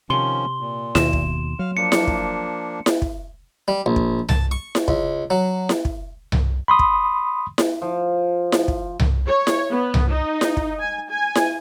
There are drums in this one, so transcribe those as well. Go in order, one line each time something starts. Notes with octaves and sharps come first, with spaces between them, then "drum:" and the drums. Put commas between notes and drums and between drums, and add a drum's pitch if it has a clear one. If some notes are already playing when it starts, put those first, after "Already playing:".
C3 D#3 F3 C#4 C6 G7
A#2
D#2 B2 E7, drum: snare E4
drum: kick
F#3 F5 F6
F3 A#3 D4 C#7
drum: snare E4
drum: kick
drum: snare E4
drum: kick
G3
A#1
drum: kick
A5, drum: tom C2
C#6
drum: snare E4
C#2, drum: kick
F#3
drum: snare E4
drum: kick
drum: tom C2
B5 C6 D#6
drum: kick
drum: snare E4
F3
drum: snare E4
drum: kick
drum: tom C2
C#5
drum: snare E4
B3
drum: tom C2
D#4
drum: snare E4
drum: kick
G#5
G#5
drum: snare E4